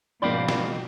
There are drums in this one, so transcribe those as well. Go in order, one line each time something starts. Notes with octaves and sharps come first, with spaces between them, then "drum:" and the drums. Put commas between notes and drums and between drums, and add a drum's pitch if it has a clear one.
G#2 B2 F3 A#3 D5 F5 G5 B5
drum: snare